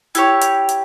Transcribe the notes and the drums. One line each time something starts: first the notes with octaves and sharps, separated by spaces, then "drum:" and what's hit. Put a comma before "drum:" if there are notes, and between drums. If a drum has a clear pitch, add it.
E4 G4 C#5, drum: hi-hat
drum: hi-hat
drum: hi-hat